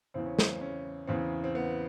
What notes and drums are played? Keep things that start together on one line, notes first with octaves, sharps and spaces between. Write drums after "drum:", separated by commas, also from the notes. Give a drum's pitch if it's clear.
E2 C#3 E3 C4
C#4
C4, drum: snare
C#4
E2 C#3 E3 C4
C4
B3